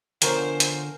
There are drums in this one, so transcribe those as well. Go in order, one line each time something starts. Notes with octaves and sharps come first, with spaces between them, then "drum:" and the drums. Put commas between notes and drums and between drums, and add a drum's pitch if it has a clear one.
D3 F3 B3 A#4 C5 C#5 G#5, drum: hi-hat
drum: hi-hat